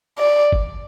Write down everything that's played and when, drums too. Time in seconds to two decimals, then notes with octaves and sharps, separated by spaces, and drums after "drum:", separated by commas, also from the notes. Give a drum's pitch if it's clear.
0.18 D5
0.52 drum: kick F#1